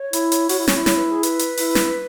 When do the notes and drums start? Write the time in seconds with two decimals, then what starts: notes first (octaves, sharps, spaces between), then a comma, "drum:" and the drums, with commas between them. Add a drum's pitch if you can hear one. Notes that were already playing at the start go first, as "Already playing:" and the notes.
Already playing: C#5
0.13 E4, drum: hi-hat
0.32 drum: hi-hat
0.49 F#4, drum: open hi-hat
0.59 E4
0.68 C#4, drum: snare
0.76 E4
0.86 C#5, drum: snare
0.98 B4
1.11 G#4
1.23 B4, drum: hi-hat
1.39 drum: hi-hat
1.57 E4, drum: open hi-hat
1.75 drum: snare